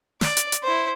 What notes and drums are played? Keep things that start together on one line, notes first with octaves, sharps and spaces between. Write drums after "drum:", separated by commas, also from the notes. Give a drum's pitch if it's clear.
D5, drum: snare
drum: hi-hat
drum: hi-hat
E4 C5